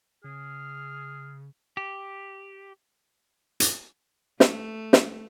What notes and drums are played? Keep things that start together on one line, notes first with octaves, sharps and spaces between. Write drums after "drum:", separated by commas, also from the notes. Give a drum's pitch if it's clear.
C#3 G#4 F6
G4
drum: hi-hat
A3, drum: snare
drum: snare